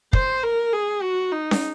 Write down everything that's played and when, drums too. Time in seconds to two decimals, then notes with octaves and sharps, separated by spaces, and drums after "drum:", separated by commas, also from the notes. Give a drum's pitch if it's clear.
0.13 C5, drum: kick
0.43 A#4
0.73 G#4
1.02 F#4
1.32 D#4
1.51 drum: snare C#4